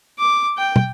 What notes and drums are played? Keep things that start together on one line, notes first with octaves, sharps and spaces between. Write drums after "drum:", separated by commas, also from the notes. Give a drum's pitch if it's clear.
D6
G5
drum: tom